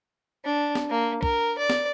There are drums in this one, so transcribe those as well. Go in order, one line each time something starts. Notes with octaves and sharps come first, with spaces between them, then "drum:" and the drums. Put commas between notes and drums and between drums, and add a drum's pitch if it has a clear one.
D4
drum: snare
A#3
A#4, drum: kick
D5
drum: snare